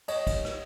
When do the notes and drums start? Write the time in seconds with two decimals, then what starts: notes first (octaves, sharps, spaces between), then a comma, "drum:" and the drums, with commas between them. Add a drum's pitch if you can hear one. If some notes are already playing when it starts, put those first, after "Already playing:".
0.08 C#5 D#5, drum: cymbal
0.27 drum: kick, cymbal
0.45 drum: rim click